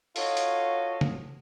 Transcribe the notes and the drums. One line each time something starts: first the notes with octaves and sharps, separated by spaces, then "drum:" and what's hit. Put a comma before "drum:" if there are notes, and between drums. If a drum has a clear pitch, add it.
D#4 F4 F#4 A4 C#5 D#5, drum: open hi-hat
drum: hi-hat
drum: tom